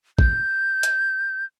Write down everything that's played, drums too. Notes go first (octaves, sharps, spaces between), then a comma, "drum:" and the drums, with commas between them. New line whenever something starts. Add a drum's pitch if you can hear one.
G6, drum: kick
drum: hi-hat